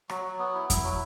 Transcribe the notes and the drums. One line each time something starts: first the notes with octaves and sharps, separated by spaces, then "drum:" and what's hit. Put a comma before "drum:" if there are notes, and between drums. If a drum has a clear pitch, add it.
F#3, drum: rim click
F#3
B3
E4
E4, drum: kick F2, hi-hat
F#3